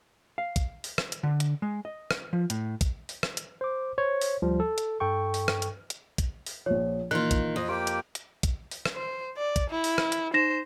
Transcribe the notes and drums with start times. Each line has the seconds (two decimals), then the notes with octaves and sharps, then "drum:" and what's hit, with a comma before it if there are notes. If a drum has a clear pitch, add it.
0.38 F5
0.56 drum: kick, hi-hat
0.84 drum: open hi-hat
0.98 drum: rim click
1.12 drum: hi-hat
1.23 D3
1.40 drum: hi-hat
1.62 G#3
1.85 D#5
2.11 drum: rim click
2.33 F3
2.50 A2, drum: hi-hat
2.81 drum: kick, hi-hat
3.09 drum: open hi-hat
3.23 drum: rim click
3.37 drum: hi-hat
3.61 C5 D6
3.98 C5 C#5
4.21 drum: open hi-hat
4.42 D2 F3 G3
4.60 A4
4.78 drum: hi-hat
5.00 G2 A4 G5 C#6
5.34 drum: open hi-hat
5.48 drum: rim click
5.62 drum: hi-hat
5.90 drum: hi-hat
6.18 drum: kick, hi-hat
6.46 drum: open hi-hat
6.66 A#1 F3 C#5
7.11 A#2 D#3 E3 F4 F#6
7.31 drum: kick, hi-hat
7.56 F2 D#5
7.69 A#3 G4 G5 C6
7.87 drum: hi-hat
8.15 drum: hi-hat
8.43 drum: kick, hi-hat
8.71 drum: open hi-hat
8.85 drum: rim click
8.95 C5
9.37 D5
9.56 drum: kick, hi-hat
9.70 E4
9.84 drum: open hi-hat
9.98 drum: rim click
10.12 drum: hi-hat
10.34 D#4 C5 A#6 E7